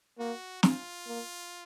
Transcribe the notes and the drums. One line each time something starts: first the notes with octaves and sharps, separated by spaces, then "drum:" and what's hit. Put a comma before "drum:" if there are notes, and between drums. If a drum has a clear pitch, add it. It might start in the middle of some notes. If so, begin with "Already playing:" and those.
A#3 F#4
F4, drum: snare
A#3